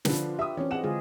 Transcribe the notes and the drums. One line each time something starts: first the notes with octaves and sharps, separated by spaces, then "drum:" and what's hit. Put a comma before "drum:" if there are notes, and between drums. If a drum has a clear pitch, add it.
D3 F3 D4 B4, drum: snare
F4
G4 E5 D#6
E3 C4 C#4
C4 G#4 D#5 F#5 E7
D3 G#3 F4 G#4